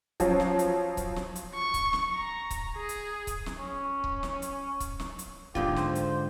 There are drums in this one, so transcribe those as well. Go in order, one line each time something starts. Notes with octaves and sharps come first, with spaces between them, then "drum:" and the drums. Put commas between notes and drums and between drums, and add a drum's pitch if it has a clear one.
F3 F#3 C#4, drum: kick C#1, hi-hat
drum: snare
drum: hi-hat
drum: kick C#1, hi-hat
drum: snare
drum: hi-hat
C#6
drum: kick C#1, hi-hat
drum: snare
A#5
drum: kick C#1, hi-hat
G#4
drum: hi-hat
drum: kick C#1, hi-hat
drum: snare
C#4
drum: kick C#1
drum: snare
drum: hi-hat
drum: kick C#1, hi-hat
drum: snare
drum: hi-hat
G#2 D3 F4 G4, drum: kick C#1
C5, drum: snare
drum: hi-hat